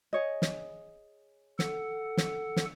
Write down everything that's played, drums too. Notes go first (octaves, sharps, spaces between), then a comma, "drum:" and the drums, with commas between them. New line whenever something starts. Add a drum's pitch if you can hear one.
G#4 C#5 D#5
drum: snare
A4 F#5, drum: snare
drum: snare
drum: snare